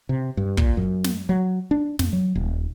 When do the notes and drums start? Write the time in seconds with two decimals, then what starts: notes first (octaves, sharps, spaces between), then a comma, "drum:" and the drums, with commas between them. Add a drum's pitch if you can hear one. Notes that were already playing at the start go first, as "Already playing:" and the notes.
0.09 C3
0.37 G2
0.57 A#2, drum: kick
0.77 F#2
1.04 drum: snare
1.29 F#3
1.71 D4
1.99 F2, drum: snare
2.13 F#3
2.35 D#1